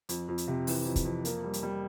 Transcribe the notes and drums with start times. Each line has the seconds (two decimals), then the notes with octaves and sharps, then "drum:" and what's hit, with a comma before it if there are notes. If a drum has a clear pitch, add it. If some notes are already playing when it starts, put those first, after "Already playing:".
0.09 F2, drum: hi-hat
0.28 F2
0.38 drum: hi-hat
0.48 C3
0.67 E3, drum: open hi-hat
0.86 F2
0.96 drum: kick, hi-hat
1.05 F2
1.25 A#3, drum: hi-hat
1.44 G3
1.53 drum: hi-hat
1.63 G3